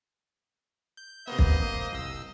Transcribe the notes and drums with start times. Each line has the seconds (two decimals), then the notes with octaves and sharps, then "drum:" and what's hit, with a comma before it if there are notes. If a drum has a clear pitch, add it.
0.97 G6
1.27 C3 A#3 B3 C5 D#5
1.39 drum: kick
1.62 A#3
1.93 C2 E6